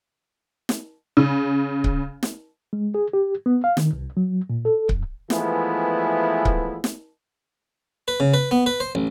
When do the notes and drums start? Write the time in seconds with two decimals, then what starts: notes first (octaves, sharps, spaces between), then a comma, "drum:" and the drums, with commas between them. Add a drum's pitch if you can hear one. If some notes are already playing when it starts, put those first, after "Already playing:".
0.69 drum: snare
1.17 C#3
1.84 drum: kick C#1
2.23 drum: snare
2.73 G#3
2.95 G#4
3.13 G4
3.46 B3
3.64 F5
3.77 D#3, drum: snare
3.93 C2
4.17 F#3
4.50 A#2
4.65 A4
4.89 F2, drum: kick C#1
5.30 E3 F3 G#3 A3 B3 E4, drum: snare
6.45 drum: kick C#1
6.84 drum: snare
8.08 B4
8.20 C#3
8.34 B4
8.51 B3
8.66 B4
8.80 C5
8.95 A1